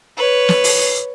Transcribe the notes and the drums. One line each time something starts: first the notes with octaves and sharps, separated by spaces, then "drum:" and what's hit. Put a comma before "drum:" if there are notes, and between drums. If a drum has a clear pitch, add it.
B4 C#5
drum: snare
drum: open hi-hat